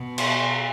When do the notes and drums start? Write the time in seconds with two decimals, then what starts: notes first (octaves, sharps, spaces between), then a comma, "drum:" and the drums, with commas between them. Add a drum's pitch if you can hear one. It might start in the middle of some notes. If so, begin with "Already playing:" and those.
Already playing: B2
0.18 C6, drum: cymbal